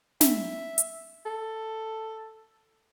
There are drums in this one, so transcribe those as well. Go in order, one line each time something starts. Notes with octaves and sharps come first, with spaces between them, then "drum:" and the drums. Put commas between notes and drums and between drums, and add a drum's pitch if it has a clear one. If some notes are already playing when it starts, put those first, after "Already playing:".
E5, drum: snare
drum: hi-hat
A4